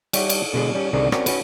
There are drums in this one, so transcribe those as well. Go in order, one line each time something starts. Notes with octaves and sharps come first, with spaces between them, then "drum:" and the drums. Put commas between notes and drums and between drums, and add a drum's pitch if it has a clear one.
G3 G4 C#5 E5 F#5, drum: cymbal
drum: cymbal
B2 D3 G#3 G#4
G3 C#4
C2 D3 D#3 G#4 D5 A#5
C4 C#4 F#4 A#4 C#5 D5, drum: rim click
C#4 F#4 B4, drum: cymbal